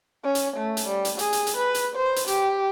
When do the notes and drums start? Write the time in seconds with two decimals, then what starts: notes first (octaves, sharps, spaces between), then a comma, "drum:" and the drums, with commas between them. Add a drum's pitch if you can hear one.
0.24 C#4
0.35 drum: hi-hat
0.57 A3
0.77 drum: hi-hat
0.87 G3
1.05 drum: hi-hat
1.19 G#4, drum: hi-hat
1.33 drum: hi-hat
1.47 drum: hi-hat
1.57 B4
1.74 drum: hi-hat
1.96 C5
2.16 drum: hi-hat
2.27 G4, drum: hi-hat